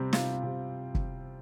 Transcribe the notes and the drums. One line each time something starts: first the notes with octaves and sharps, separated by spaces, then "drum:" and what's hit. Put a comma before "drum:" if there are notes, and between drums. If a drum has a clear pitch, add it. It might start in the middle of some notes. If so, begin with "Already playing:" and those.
Already playing: C3 G3 C4
F4, drum: snare
C3
drum: kick